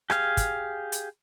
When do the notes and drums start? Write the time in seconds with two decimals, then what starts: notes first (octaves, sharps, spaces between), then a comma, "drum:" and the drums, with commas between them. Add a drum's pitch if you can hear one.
0.10 G4 G#4 F5, drum: rim click
0.37 drum: kick, hi-hat
0.92 drum: hi-hat